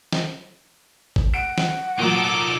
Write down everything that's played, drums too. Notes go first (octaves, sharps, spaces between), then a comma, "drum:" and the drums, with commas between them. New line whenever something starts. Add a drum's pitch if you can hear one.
drum: snare
drum: kick G#1
F#5 D7
drum: snare
A#2 F#3 D#4 A4 D6